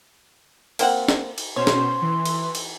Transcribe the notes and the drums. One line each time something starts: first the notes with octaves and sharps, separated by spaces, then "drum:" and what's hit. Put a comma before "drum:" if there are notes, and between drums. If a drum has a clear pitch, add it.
A#3 C4 F#5, drum: cymbal
drum: snare
drum: cymbal
B2 C#4 C5 C#5 C6
drum: snare
E3
drum: cymbal
drum: cymbal